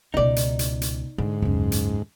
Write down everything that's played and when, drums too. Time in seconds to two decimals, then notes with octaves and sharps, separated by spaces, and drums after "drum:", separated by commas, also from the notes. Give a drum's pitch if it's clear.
0.14 C#2 B2 D#4 D5
0.36 drum: hi-hat
0.59 drum: hi-hat
0.82 drum: hi-hat
1.18 G#2 D3
1.42 F#1 D#2 C#4
1.72 drum: hi-hat